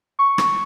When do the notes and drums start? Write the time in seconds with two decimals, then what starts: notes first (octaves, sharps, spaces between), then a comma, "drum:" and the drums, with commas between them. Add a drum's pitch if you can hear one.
0.19 C#6
0.38 drum: rim click